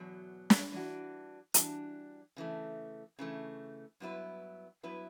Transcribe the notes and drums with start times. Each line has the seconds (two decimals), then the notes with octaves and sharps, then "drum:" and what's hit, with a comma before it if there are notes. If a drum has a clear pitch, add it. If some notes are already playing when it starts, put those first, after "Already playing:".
Already playing: E2 B2 F#3
0.50 drum: snare
0.72 E3 G3 D4 F#4
1.54 E3 G3 D4 F#4, drum: hi-hat
2.37 C#3 E3 A3
3.19 C#3 E3 A3
4.00 G2 F#3 B3 E4 B4
4.83 G2 F#3 B3 E4 B4